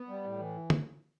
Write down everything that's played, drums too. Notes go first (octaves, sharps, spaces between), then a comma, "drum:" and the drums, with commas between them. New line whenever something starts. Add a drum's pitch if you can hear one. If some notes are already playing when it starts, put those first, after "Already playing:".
Already playing: B3
G3
A2
E3
drum: tom